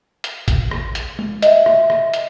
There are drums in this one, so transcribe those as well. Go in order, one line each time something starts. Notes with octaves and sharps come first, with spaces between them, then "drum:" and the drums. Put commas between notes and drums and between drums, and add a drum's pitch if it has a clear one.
drum: hi-hat
drum: kick A1, hi-hat
drum: rim click
drum: hi-hat
drum: tom
D#5 E5, drum: hi-hat
drum: rim click
drum: rim click
drum: hi-hat